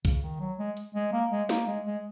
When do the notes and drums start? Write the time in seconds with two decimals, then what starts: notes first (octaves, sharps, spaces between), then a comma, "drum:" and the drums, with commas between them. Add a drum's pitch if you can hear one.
0.05 C#3, drum: kick B1, open hi-hat
0.23 D#3
0.40 F#3
0.59 G#3
0.77 drum: hi-hat
0.95 G#3
1.13 A#3
1.31 G#3
1.49 A#3, drum: snare
1.67 G#3
1.85 G#3